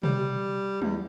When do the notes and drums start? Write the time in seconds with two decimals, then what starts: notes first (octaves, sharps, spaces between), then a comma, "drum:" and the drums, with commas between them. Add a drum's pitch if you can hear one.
0.03 G3, drum: tom B2
0.82 E2, drum: tom